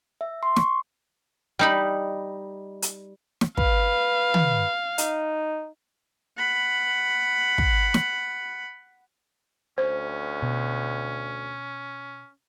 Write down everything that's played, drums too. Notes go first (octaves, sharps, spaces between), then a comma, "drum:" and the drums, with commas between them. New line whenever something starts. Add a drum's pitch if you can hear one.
E5
C6
C#6, drum: snare
G3 D#4 B5
drum: hi-hat
drum: snare
B4 F5, drum: kick
drum: tom
D#4, drum: hi-hat
F#5 B5
drum: kick
drum: snare
D2 C#4 C5
B2